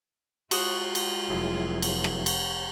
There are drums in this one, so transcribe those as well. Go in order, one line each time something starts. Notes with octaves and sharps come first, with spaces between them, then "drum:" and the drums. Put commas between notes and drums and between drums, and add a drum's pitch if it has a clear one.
G#3 F4 F#4 D#6, drum: cymbal
drum: cymbal
F1 F#3 E4 G#4
drum: cymbal
drum: rim click
drum: cymbal